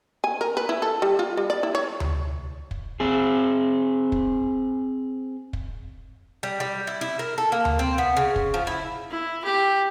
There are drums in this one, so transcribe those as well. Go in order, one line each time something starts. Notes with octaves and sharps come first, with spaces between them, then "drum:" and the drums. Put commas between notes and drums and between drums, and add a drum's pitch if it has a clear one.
G#5
A#4
B4
E4
A4
G3
F4
G3
D5
E4
C#5
drum: tom D2
drum: kick
C4 G#4
drum: kick
drum: kick
G3
G3
E4
E4
A#4
A4
A#3
drum: tom D2
C4
B3
C#3
drum: kick
F3
E4
E4
G4